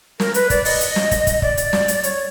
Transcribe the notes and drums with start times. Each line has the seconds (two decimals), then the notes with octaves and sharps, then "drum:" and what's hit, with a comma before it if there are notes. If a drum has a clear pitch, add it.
0.20 A#4, drum: snare
0.34 B4, drum: hi-hat
0.50 D5, drum: kick, hi-hat
0.65 D#5, drum: open hi-hat
0.81 drum: hi-hat
0.96 drum: snare
1.11 drum: kick, hi-hat
1.27 drum: kick, hi-hat
1.42 D5, drum: kick
1.57 drum: hi-hat
1.73 drum: snare
1.88 drum: hi-hat
2.03 C#5, drum: hi-hat